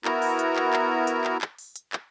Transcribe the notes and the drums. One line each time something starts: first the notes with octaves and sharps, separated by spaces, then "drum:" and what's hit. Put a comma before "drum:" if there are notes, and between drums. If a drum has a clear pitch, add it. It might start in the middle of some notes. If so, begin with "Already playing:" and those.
B3 E4 F#4 A#4 A#5, drum: clap
drum: open hi-hat
drum: hi-hat
drum: clap
drum: clap
drum: hi-hat
drum: clap
drum: clap
drum: open hi-hat
drum: hi-hat
drum: clap